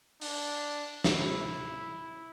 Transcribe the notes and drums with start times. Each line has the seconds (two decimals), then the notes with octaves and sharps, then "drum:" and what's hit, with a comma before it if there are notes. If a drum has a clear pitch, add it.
0.21 D4, drum: open hi-hat
1.04 E4, drum: snare